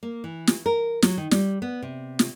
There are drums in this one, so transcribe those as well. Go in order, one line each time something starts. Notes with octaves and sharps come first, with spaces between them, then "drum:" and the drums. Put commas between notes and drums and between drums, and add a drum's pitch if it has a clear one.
A#3
E3
drum: snare
A#4
F#3, drum: snare
D#3
G3, drum: snare
B3
C3
drum: snare